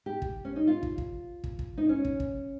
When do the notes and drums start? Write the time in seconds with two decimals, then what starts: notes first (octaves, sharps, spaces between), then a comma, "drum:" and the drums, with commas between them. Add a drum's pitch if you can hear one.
0.06 G4
0.22 drum: kick
0.45 C#4
0.56 D#4
0.67 F4
0.83 drum: kick
0.98 drum: kick
1.44 drum: kick
1.59 drum: kick
1.78 D#4
1.89 C#4
2.05 drum: kick
2.20 drum: kick